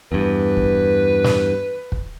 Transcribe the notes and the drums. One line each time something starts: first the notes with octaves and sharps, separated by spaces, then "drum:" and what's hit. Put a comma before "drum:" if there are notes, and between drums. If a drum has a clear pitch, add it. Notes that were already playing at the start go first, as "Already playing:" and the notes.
E2 G2 B4
drum: kick
drum: snare
drum: kick